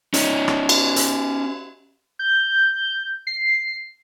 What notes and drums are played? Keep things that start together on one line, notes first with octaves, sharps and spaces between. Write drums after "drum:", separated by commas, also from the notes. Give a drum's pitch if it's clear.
C#4 D#4, drum: hi-hat
drum: rim click
drum: cymbal
drum: hi-hat
G6
C7